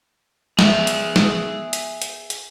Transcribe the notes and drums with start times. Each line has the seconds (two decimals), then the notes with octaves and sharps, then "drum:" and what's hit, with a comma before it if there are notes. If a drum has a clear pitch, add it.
0.59 G#4 E5, drum: snare
0.87 drum: hi-hat
1.16 drum: snare
1.73 drum: hi-hat
2.02 drum: hi-hat
2.30 drum: hi-hat